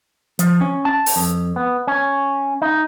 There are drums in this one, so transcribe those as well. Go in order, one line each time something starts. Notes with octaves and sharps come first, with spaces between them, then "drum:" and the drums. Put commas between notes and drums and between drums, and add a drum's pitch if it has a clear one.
F3, drum: hi-hat
C#4
A5
drum: open hi-hat
F2
B3
C#4
D#4